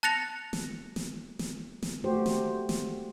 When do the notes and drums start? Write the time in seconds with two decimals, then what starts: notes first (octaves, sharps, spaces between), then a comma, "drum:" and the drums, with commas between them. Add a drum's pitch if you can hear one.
0.03 A5 F#6 A6 A#6 C#7 F7
0.53 drum: snare
0.96 drum: snare
1.39 drum: snare
1.83 drum: snare
2.04 A3 F#4 G4 C5
2.26 drum: snare
2.69 drum: snare